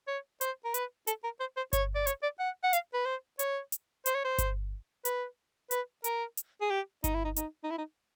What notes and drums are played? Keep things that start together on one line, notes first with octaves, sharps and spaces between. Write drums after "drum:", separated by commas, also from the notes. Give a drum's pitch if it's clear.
C#5
C5, drum: hi-hat
A#4
B4, drum: hi-hat
A4, drum: hi-hat
A#4
C5
C5
C#5, drum: kick G1, hi-hat
D5
C#5, drum: hi-hat
D5
F#5
F#5
F5, drum: hi-hat
B4
C5
C#5, drum: hi-hat
drum: hi-hat
C5, drum: hi-hat
C#5
C5
drum: kick G1, hi-hat
B4, drum: hi-hat
B4, drum: hi-hat
A#4, drum: hi-hat
drum: hi-hat
G#4
G4
D#4, drum: kick G1, hi-hat
E4
D#4
D#4, drum: hi-hat
D#4
E4
D#4